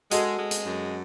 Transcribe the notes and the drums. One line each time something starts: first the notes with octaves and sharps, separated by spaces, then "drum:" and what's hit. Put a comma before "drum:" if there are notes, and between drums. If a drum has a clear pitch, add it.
G#3 F#4 A4, drum: hi-hat
G#3
drum: hi-hat
F#2